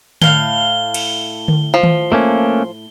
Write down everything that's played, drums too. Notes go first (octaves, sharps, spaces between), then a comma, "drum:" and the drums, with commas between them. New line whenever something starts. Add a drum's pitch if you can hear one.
A2 F5 G7, drum: tom D3
drum: cymbal
drum: tom D3
F3
drum: tom D#3
A3 A#3 C#4